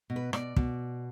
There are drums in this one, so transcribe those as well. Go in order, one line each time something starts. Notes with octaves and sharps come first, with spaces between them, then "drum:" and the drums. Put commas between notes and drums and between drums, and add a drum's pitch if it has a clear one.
B2
B4
B2 D5, drum: rim click
B2, drum: kick